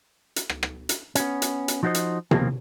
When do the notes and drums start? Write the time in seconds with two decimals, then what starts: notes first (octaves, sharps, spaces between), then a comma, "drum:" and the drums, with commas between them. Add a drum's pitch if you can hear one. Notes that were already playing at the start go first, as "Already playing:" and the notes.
0.36 drum: hi-hat
0.49 drum: rim click
0.63 drum: rim click
0.89 drum: hi-hat
1.15 B3 C#4, drum: hi-hat
1.42 drum: hi-hat
1.68 drum: hi-hat
1.83 F3 D#4 F#4 B4 C5 D#5
1.94 drum: hi-hat
2.31 D#2 B2 F3 A#3 C4, drum: tom C3